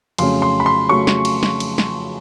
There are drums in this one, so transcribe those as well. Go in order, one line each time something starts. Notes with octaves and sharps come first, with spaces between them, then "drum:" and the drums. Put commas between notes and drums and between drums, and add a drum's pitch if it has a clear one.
F2 C#3 F#3 A3 C#4 C6, drum: cymbal
C6
B5
C6
C#3 F#3 A3 C#4 C#6
drum: snare
drum: cymbal
drum: snare
drum: cymbal
drum: snare